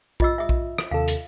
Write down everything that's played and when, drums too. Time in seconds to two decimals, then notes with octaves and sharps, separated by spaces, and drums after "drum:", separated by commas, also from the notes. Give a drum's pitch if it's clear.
0.20 F4 D#5 E6, drum: kick A#1
0.38 E5 D#6
0.49 drum: kick A#1
0.78 drum: rim click
0.91 D#2 C3 A4 F5
1.08 drum: hi-hat